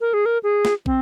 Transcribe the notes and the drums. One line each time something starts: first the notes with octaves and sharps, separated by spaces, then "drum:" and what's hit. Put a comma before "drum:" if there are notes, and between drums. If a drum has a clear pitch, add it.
A#4
G#4
A#4
G#4
drum: snare
C4, drum: kick